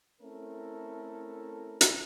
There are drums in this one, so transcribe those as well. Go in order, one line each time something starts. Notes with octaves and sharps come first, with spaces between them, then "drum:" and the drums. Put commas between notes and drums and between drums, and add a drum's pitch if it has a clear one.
A3 C4 C#4 E4 A4 A#4
drum: hi-hat